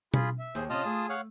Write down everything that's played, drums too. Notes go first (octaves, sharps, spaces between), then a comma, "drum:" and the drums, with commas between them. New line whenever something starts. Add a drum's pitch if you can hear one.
F4 G#4 B5, drum: tom B2
E5
D#2 G#4 C5
C3 C#4 F4 D#5 A5 D#6 F6
A3 G#4
C#5 F5 F#5